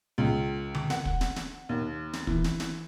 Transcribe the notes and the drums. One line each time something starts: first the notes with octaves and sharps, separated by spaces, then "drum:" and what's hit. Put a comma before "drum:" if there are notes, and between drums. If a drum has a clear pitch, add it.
C#2
drum: tom D3
F#5, drum: snare
drum: kick
drum: snare
drum: snare
D#2
drum: snare
E3, drum: kick
drum: snare
drum: snare